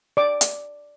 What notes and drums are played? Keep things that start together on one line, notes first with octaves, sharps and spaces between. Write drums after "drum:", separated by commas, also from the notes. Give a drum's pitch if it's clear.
D5 D6
drum: hi-hat